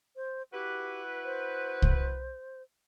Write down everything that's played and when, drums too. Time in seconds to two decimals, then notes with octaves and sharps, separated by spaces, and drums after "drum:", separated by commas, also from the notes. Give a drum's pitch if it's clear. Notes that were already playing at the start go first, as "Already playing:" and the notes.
0.16 C5
0.53 E4 F#4 G4 B4
1.24 C5
1.82 drum: kick C2